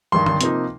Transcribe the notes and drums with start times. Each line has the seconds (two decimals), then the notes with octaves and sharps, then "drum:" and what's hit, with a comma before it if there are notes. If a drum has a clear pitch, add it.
0.12 G2 D#3 G3 C6
0.26 C6, drum: tom D3
0.41 C3 F3 A#3 D#4, drum: hi-hat